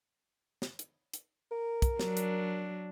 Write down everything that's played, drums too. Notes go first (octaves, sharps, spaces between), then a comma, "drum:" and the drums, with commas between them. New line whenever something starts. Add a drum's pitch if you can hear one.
drum: snare
drum: hi-hat
drum: hi-hat
A#4
drum: kick, hi-hat
F#3 D4, drum: snare
drum: hi-hat